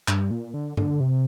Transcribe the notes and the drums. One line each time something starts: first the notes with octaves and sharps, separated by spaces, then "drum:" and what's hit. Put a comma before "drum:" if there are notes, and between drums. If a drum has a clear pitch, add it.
G2, drum: clap
A#2
D3
D3, drum: tom G2
C3